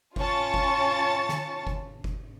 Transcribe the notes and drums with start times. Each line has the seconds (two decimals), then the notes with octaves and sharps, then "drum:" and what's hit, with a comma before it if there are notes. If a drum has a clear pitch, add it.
0.16 C#4 F4 C#5 A5 C#6 A6, drum: kick F#1
0.54 drum: kick F#1
1.29 drum: snare
1.67 drum: kick F#1
2.04 drum: kick F#1